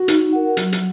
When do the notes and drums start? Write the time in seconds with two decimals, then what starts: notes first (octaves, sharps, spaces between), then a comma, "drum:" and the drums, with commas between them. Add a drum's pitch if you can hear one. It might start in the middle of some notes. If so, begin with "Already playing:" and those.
Already playing: F#4
0.08 D#4, drum: hi-hat
0.33 A#4 F#5
0.57 F#3, drum: hi-hat
0.72 drum: hi-hat